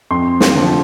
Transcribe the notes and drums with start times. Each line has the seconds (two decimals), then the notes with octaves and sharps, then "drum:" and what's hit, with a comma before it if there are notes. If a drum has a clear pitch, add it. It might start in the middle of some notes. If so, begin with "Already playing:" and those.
0.11 F2 C6
0.40 drum: snare
0.55 D3 F3